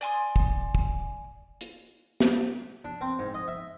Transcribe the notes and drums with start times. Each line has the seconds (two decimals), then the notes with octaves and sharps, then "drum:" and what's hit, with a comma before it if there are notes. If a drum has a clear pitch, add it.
0.01 D5 G#5 C6 D#6
0.36 drum: kick
0.75 drum: kick
1.61 drum: hi-hat
2.20 drum: snare
2.85 D4
3.01 C4
3.19 G#2
3.34 D#5
3.48 E5